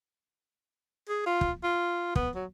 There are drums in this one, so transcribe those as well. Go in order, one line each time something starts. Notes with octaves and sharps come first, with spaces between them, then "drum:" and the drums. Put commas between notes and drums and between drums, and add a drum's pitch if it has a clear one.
G#4
F4
drum: kick
F4
B3, drum: kick
F#3